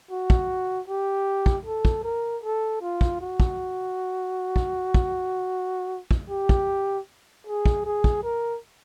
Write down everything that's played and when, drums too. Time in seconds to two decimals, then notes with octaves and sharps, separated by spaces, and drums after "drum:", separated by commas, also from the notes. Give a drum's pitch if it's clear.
0.11 F#4
0.30 drum: kick
0.88 G4
1.46 drum: kick
1.65 A4
1.85 drum: kick
2.03 A#4
2.43 A4
2.81 F4
3.01 drum: kick
3.21 F#4
3.40 drum: kick
4.56 drum: kick
4.94 drum: kick
6.11 drum: kick
6.30 G4
6.49 drum: kick
7.47 G#4
7.65 drum: kick
7.85 G#4
8.04 drum: kick
8.23 A#4